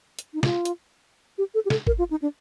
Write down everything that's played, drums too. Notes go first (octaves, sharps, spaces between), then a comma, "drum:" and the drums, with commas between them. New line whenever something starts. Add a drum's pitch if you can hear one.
drum: hi-hat
D#4
F4, drum: snare
drum: hi-hat
G4
A4
G4
A4, drum: snare
A#4, drum: kick G1
F4
D#4
D4